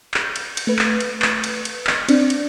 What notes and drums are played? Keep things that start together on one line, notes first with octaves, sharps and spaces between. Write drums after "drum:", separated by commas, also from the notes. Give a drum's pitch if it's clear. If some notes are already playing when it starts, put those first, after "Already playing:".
drum: clap
G6
drum: cymbal
drum: cymbal
A3 B4
drum: clap
drum: cymbal
drum: clap
drum: cymbal
drum: cymbal
drum: clap
C4 D4 D5, drum: cymbal
drum: cymbal